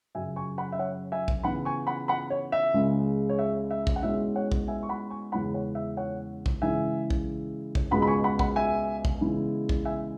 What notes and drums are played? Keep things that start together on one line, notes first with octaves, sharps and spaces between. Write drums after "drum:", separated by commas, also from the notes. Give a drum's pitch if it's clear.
F#2 C#3 F#3 E5 G#5
G#5 C#6
F#5 B5
E5
C#5 F#5
E5 G#5
drum: kick A#1
C#3 E3 B3 E4 F#5 B5
G#5 C#6
F#5 B5
F#5 B5
C#5
E5
C#2 C#3 G#3
C#5
E5
E5
drum: kick A#1
F#5
B2 G#3 C#4 E4 E5
C#5 F#5
drum: kick A#1
E5 G#5
C#6
F#5 B5
G#5 C#6
E2 C#3 G#3 C#4 E4 F#5 B5
C#5 F#5
E5
C#5 F#5
drum: kick A#1
C#3 E3 G#3 E4 E5 G#5
drum: kick A#1
drum: kick A#1
C#2 B2 G#3 F#5 B5
B5
G#5 C#6
F#5 B5
F#5 B5, drum: kick A#1
E5 G#5
drum: kick A#1
C#3 E3 G#3 B3 E4
drum: kick A#1
E5 G#5